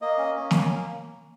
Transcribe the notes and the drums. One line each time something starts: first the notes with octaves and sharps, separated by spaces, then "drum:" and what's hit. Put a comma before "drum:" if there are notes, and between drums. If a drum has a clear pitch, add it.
A#3 D#5
C#4
C#4
A#3, drum: snare